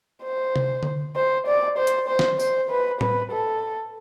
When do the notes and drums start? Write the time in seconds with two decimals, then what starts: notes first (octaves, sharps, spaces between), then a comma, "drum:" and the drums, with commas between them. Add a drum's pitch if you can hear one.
0.24 C5
0.56 drum: tom C3
0.83 drum: tom D3
1.16 C5
1.47 D5
1.78 C5
1.87 drum: hi-hat
2.08 C5
2.19 drum: snare
2.39 C5, drum: tambourine
2.70 B4
3.01 B4, drum: tom A2
3.31 A4